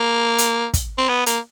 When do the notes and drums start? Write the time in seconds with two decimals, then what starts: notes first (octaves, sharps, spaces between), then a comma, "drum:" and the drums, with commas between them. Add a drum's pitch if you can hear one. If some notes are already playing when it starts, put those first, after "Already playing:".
Already playing: A#3
0.38 drum: hi-hat
0.74 drum: kick, hi-hat
0.98 C4
1.09 B3
1.26 A#3, drum: hi-hat